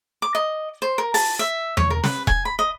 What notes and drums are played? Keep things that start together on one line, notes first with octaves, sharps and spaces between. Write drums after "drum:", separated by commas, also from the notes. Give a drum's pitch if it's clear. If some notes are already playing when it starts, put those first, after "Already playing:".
D6
D#5
C5
A#4
A5, drum: open hi-hat
E5
C#5, drum: tom E2
A#4
B4, drum: snare
G#5, drum: kick E1
B5
D#5